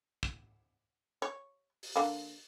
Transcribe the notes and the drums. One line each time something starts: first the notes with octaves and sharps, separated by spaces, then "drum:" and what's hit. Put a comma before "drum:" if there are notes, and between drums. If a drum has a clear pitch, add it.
drum: kick
C#5
drum: open hi-hat
D3 A#3